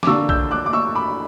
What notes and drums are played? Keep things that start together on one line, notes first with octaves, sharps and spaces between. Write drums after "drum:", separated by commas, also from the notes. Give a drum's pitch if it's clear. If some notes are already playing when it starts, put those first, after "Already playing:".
D6, drum: snare
D3 A#3 D4 C#6 E6
E6 G6, drum: kick A#1
D6 F#6
D6
C#6 E6
B5 D6